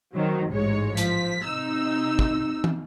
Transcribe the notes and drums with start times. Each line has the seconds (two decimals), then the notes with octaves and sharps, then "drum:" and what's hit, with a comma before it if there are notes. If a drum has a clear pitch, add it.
0.15 D#3 F#3 C4
0.50 A1 G#2 G#3 C#5
0.97 F3 B6, drum: hi-hat
1.44 C3 D#4 E6
2.19 drum: kick
2.64 drum: tom